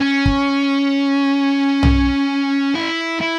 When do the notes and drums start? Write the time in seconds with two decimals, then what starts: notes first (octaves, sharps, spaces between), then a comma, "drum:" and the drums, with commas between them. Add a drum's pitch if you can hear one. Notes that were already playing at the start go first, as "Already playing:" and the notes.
0.01 C#4
0.26 drum: kick
1.83 drum: tom
2.75 E4
3.21 E4